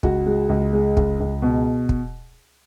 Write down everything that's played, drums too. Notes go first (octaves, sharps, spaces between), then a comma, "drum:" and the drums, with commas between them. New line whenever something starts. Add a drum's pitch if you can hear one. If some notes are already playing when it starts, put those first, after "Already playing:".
C#2 F#4, drum: kick
G#3
C#2
G#3
C#2, drum: kick
C#2
B2
drum: kick